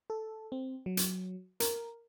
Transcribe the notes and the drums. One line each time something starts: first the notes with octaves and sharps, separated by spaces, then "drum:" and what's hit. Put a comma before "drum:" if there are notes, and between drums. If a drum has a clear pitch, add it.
A4
C4
F#3
drum: hi-hat
A#4, drum: hi-hat